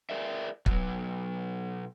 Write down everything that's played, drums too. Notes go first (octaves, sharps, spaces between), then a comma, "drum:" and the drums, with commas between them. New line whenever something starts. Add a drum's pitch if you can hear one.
G#4 A#4 D5 E5
B2 F#3, drum: kick